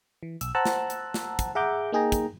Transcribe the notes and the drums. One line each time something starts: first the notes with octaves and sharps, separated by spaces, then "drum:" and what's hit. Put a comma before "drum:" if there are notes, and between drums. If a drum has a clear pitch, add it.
E3
B1 E6, drum: hi-hat
C5 F#5 A5 A#5 E6 F#6
drum: snare
drum: hi-hat
drum: snare
drum: kick, hi-hat
G#4 E5 F#5 A#5 D6 G6
A#3 D#4 G#4 G5 A#5
drum: kick, hi-hat